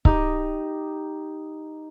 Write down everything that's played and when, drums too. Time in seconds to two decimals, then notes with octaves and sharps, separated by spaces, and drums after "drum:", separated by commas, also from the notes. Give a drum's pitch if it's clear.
0.05 D#4 G4, drum: kick C#1